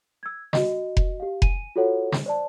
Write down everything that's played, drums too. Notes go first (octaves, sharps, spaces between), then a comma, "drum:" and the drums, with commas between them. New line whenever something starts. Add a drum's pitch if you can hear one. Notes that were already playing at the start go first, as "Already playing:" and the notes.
E6 G#6
F#4 D#5, drum: snare
drum: kick F1
G4 F5
G#5 D#7, drum: kick F1
F4 F#4 A4 C#5 F#5
drum: snare
C5 D5 A5